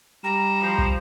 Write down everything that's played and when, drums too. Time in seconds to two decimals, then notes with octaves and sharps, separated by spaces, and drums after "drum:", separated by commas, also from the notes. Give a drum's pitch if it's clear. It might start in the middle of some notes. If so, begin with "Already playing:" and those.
0.24 G3 A#5 E7
0.62 F3 C5
0.78 drum: kick